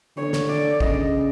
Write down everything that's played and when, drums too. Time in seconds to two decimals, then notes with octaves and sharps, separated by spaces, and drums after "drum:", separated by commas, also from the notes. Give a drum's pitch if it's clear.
0.17 D3 C#5
0.33 drum: snare
0.49 D5
0.80 C#3 D#5, drum: kick